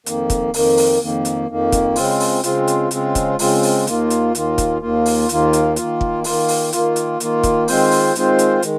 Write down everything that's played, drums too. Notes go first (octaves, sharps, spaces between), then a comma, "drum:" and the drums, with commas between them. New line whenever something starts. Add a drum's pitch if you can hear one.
F2 D#3 A#3, drum: hi-hat
drum: kick, hi-hat
F2 D#3 A#3, drum: open hi-hat
drum: open hi-hat
F2 D#3 A#3
drum: hi-hat
F2 D#3 A#3
drum: kick, hi-hat
C#3 G#3 C4 F4, drum: open hi-hat
drum: open hi-hat
C#3 G#3 C4 F4, drum: hi-hat
drum: hi-hat
C#3 G#3 C4 F4, drum: hi-hat
drum: kick, hi-hat
C#3 G#3 C4 F4, drum: open hi-hat
drum: open hi-hat
D#2 D#3 A#3 F4, drum: hi-hat
drum: hi-hat
D#2 D#3 A#3 F4, drum: hi-hat
drum: kick, hi-hat
D#2 D#3 A#3 F4
drum: open hi-hat
D#2 D#3 A#3 F4, drum: hi-hat
drum: hi-hat
D#3 A#3 F4, drum: hi-hat
drum: kick
D#3 A#3 F4, drum: open hi-hat
drum: open hi-hat
D#3 A#3 F4, drum: hi-hat
drum: hi-hat
D#3 A#3 F4, drum: hi-hat
drum: kick, hi-hat
D#3 G#3 C4 F4 C5, drum: open hi-hat
drum: open hi-hat
D#3 G#3 C4 F4 C5, drum: hi-hat
drum: hi-hat
D#3 G#3, drum: hi-hat